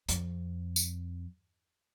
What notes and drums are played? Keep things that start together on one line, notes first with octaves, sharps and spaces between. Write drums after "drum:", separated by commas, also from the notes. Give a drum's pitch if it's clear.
F2, drum: hi-hat
drum: tambourine